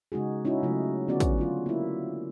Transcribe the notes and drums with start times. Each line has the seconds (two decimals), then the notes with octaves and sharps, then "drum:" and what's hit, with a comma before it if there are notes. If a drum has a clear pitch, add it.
0.12 C#3 G#3 D#4 F#4 G#4
0.45 C#4 D#4 E4 F#4
0.63 C#3 F#3 A3 F4
1.08 D3 B3 C#4 F#4 D5
1.20 drum: kick, hi-hat
1.38 F#3 F4
1.66 A#3 E4